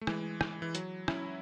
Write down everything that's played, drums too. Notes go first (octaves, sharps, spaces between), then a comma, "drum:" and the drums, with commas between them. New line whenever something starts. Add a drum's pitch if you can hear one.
A3
E3 G#3, drum: rim click
drum: rim click
E3
F#3, drum: hi-hat
C#4 E4, drum: rim click